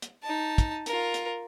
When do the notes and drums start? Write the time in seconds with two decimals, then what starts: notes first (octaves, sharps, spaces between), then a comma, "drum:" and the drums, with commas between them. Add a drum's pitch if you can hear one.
0.02 drum: hi-hat
0.23 D#4 A5
0.58 drum: kick, hi-hat
0.86 F4 A#4, drum: hi-hat
1.14 drum: hi-hat